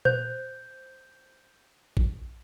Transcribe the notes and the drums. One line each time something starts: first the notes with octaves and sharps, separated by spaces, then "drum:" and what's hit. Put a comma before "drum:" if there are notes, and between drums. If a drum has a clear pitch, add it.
C5 G6, drum: tom A#2
drum: kick